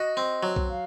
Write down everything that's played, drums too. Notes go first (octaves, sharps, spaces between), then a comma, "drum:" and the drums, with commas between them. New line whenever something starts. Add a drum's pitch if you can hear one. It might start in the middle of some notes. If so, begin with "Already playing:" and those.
Already playing: F#4 D#5
C4
F#3
drum: kick B1
F5